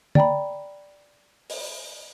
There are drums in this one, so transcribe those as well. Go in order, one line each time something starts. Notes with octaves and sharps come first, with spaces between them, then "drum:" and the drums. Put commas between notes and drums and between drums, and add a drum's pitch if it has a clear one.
D5 G5 A#5 B5, drum: tom
drum: open hi-hat